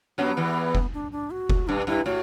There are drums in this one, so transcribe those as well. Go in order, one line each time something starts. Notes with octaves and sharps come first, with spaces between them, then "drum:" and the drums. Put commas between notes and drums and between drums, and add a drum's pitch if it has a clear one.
F#2 F#3 B3
E2 E3
drum: kick F1
D4
D4
F#4
drum: kick F1
G2 D4
G2 E4
A2 F#4